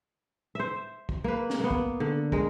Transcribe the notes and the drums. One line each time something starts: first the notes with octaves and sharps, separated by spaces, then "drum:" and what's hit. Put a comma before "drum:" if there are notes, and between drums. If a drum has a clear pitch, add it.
C5 E5
drum: kick
A#3 B4
drum: snare
A#3 B3
drum: kick
D3
G#3 A#4, drum: kick